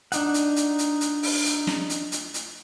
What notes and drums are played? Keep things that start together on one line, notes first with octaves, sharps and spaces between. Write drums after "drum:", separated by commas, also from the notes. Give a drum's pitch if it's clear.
D4 D#4 F#5, drum: hi-hat
drum: hi-hat
drum: hi-hat
drum: hi-hat
drum: hi-hat
drum: open hi-hat
drum: hi-hat
drum: snare
drum: hi-hat
drum: hi-hat
drum: hi-hat